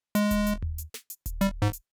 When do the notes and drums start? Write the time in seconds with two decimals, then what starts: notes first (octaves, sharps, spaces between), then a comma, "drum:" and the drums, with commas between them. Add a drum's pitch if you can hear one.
0.15 G#3, drum: hi-hat
0.31 drum: kick D#1, hi-hat
0.47 drum: hi-hat
0.62 drum: tom D#2
0.78 drum: hi-hat
0.94 drum: snare
1.10 drum: hi-hat
1.26 drum: kick D#1, hi-hat
1.41 G3, drum: hi-hat
1.62 G#2
1.73 drum: hi-hat